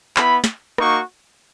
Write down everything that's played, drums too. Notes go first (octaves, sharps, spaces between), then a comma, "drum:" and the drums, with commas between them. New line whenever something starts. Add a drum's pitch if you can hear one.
B3 E4 B5, drum: clap
drum: snare
A#3 D#4 F#4 C#6, drum: rim click